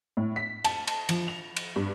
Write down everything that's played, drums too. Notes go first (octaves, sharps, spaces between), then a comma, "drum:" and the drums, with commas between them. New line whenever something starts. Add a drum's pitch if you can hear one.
A2
B6
A5, drum: cymbal
drum: cymbal
F3, drum: cymbal
F7
drum: cymbal
G2